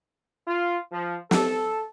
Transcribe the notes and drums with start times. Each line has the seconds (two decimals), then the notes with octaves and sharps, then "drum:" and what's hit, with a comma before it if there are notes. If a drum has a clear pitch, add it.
0.47 F4
0.91 F3
1.31 A4, drum: snare